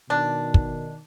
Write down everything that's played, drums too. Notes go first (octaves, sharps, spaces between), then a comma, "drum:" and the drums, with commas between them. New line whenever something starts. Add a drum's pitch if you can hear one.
B2 D#3 D4
drum: kick